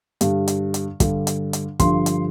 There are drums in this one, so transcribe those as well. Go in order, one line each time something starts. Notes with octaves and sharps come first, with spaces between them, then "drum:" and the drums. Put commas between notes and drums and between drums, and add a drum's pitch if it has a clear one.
G2 D3 G3, drum: hi-hat
drum: hi-hat
drum: hi-hat
G2 D3 G3, drum: kick, hi-hat
drum: hi-hat
drum: hi-hat
G2 D3 F3 C6, drum: kick, hi-hat
drum: hi-hat